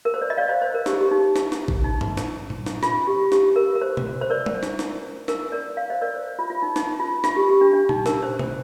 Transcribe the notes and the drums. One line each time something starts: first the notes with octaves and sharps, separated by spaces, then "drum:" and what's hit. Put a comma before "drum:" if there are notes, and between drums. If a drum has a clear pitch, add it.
A#4
C5
D5
D#5
D5 F5
C5 D#5
C5
A#4
G4, drum: snare
G#4
G4
D#4
drum: snare
drum: snare
drum: kick
D#4
drum: tom G2
drum: snare
drum: tom A#2
drum: snare
F4, drum: snare
G4
G4, drum: snare
A#4
A#4
C5
drum: tom B2
C5
A#4 D5
drum: tom G3
drum: snare
drum: snare
A#4, drum: snare
A#4 D5
D5 F5
C5 D#5
A#4 D5
C5
F4
F4
D#4
D#4, drum: snare
F4
F4, drum: snare
G4
G4
D4
D4
D#4, drum: tom A#2
A#4, drum: snare
C5
C5, drum: tom B2